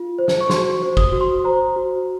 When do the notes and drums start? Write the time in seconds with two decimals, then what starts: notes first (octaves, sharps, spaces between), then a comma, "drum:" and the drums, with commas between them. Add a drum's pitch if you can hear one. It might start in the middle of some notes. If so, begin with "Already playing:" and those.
Already playing: F4
0.19 C5
0.28 drum: snare
0.41 C#6
0.50 F#4 C6, drum: snare
0.73 C#6
0.82 C5
0.97 D#6, drum: kick
1.12 F#4
1.21 C6
1.44 C5 A#5
1.76 F#4